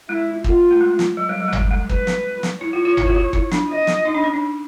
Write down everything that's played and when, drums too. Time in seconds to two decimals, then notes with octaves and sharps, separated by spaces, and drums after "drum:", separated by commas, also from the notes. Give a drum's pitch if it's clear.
0.09 G#3 E4
0.44 F4, drum: kick
0.71 A3
0.81 G#3
0.99 drum: snare
1.17 F#3
1.29 G3
1.40 F#3
1.48 G#3
1.53 G3, drum: tom G1
1.71 G#3
1.89 B4, drum: kick
2.07 drum: snare
2.43 drum: snare
2.61 E4 C#5
2.73 F4
2.85 F4
2.97 E4, drum: tom G1
3.07 F4
3.15 F#4
3.33 E4, drum: kick
3.52 D4, drum: snare
3.69 D#5
3.87 drum: snare
4.05 D#4
4.15 D4
4.24 C#4
4.34 D4